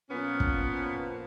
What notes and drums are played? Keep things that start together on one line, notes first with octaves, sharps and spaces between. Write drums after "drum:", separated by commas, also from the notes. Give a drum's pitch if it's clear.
A#2 F3 B3 C#4
drum: kick